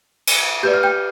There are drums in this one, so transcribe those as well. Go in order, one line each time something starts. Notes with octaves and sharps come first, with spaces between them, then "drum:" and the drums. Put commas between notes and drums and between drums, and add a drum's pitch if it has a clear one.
drum: cymbal
G4 B4 D5 G6
F6
G5 G6